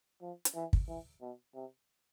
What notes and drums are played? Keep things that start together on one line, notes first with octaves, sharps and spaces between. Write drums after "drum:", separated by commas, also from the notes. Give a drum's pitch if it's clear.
F3
drum: hi-hat
E3
drum: kick
E3
B2
C3